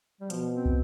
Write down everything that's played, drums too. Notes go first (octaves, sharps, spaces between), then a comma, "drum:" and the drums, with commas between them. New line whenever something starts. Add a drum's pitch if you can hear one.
G3
B2 F3, drum: hi-hat
C4
drum: kick